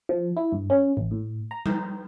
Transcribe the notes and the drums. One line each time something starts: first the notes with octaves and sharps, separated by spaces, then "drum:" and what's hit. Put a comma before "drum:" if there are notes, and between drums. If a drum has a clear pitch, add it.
F3
E4
G2
C#4
A1
A2
A#5
drum: tom G3